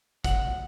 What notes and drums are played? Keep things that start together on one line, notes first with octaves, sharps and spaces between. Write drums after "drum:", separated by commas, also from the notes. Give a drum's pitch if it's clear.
F#5, drum: kick, hi-hat